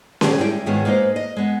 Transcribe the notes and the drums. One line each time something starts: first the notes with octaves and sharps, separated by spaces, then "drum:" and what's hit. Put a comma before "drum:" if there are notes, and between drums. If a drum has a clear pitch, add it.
A#2 F#3 C#4 G4 G#4, drum: snare C#4
G3 G#3 E4 A4 G5
G#2 D#3 G#3 B3 C#4 F4
G#3 A#3 D#4 B4 C5
D#5
G#3 B3